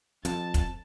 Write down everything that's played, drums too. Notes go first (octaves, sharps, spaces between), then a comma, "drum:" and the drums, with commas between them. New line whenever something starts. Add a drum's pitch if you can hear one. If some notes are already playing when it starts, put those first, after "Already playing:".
F2 A5, drum: hi-hat
drum: kick, hi-hat